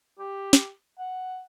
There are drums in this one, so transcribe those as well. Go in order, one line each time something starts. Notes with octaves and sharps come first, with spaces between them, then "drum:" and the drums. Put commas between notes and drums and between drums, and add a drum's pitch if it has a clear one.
G4
drum: snare
F#5